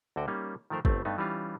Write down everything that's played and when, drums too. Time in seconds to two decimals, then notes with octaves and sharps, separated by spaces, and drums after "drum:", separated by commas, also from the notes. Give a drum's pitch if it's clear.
0.16 D2 D3 F#4 G5
0.28 G3 A#3 C#4 D#4
0.70 D#3 F3 A3 A#4 C5
0.85 G1 A3 C4, drum: kick
1.05 G2 A3 B3 D#4
1.18 E3 G3 C#4 D#4 F4